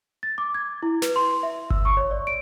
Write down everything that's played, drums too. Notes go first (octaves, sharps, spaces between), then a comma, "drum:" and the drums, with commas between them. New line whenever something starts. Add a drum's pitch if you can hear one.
A6
D6
G#6
E4
B4, drum: snare
C6
E5
E6, drum: kick G1
C#6
C#5
D5
D7